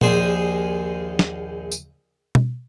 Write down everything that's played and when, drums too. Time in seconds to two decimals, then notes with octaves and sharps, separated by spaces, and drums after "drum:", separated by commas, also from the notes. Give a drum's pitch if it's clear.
0.01 A#1 D#2 G#4 C5 D5 D#6, drum: tom A#2
1.19 drum: snare
1.72 drum: tambourine
2.35 drum: tom B2